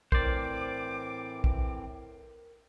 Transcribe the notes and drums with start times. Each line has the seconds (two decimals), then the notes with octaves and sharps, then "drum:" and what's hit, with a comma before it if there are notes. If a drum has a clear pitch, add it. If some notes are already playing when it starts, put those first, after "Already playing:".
0.12 A2 E3 C4 A#4 C5 D5 D6, drum: kick
1.44 drum: kick